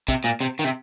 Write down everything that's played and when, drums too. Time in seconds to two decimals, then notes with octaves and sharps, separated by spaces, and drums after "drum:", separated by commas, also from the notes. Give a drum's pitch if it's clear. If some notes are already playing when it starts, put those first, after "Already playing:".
0.08 C3, drum: kick
0.24 A#2
0.41 C3
0.59 D#3
0.64 C3